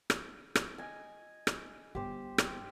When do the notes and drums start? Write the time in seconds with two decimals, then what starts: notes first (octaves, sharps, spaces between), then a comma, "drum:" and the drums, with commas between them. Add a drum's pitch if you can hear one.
0.10 drum: rim click
0.55 drum: rim click
0.78 D#5 G#5
1.47 drum: rim click
1.95 G1 G4 C5
2.38 drum: rim click